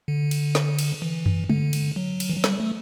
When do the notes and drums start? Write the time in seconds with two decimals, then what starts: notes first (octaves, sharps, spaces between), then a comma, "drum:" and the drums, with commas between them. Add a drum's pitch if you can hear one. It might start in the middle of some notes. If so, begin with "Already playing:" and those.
0.08 D3
0.31 drum: cymbal
0.55 drum: snare
0.79 drum: cymbal
1.02 E3
1.26 drum: tom F#2
1.49 D3, drum: tom
1.73 drum: cymbal
1.96 F#3
2.20 drum: cymbal
2.30 E3
2.37 F#3
2.44 G3, drum: snare
2.60 A3